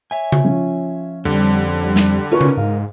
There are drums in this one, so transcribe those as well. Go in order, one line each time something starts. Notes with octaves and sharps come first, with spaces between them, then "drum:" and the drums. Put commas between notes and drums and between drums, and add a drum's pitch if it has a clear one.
C#5 E5 G#5
drum: tom C#3
F3 C#4
F2 D3 G3 C4, drum: open hi-hat
drum: snare
C#4 D#4 F4 A#4 B4 C#6
drum: tom C#3
G#2 F5